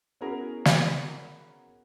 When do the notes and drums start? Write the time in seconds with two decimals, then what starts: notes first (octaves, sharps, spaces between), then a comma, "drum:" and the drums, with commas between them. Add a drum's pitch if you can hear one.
0.21 B3 C#4 E4 F#4 G#4 A#4
0.65 drum: snare